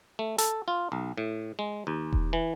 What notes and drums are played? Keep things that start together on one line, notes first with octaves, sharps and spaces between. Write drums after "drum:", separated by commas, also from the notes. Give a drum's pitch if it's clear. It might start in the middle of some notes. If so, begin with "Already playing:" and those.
A3
A4, drum: hi-hat
F4
B1
A2
G#3
D#2
drum: kick E1
E3